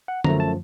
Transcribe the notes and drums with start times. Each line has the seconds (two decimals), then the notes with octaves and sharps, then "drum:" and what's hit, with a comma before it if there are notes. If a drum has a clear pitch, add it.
0.08 F#5
0.24 F#2 F3 A3 A#5, drum: tom D3
0.40 A5